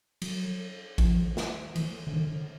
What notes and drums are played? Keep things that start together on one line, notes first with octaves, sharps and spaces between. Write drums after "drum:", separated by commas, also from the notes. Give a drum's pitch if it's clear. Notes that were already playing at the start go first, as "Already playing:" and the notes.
F#3, drum: cymbal
F3, drum: kick A1, cymbal
drum: snare
E3, drum: cymbal
D3
D#3
D3